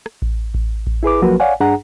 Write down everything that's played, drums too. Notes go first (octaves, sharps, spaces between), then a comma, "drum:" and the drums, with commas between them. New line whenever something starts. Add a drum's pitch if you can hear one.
drum: rim click
drum: kick A1
drum: kick A1
drum: kick A1
E4 G#4 B4 D6
F3 F#3 A#3 F#4 A#4 B4
C#5 D5 F5 F#5 G#5
G2 D4 G#4 F#5 A#5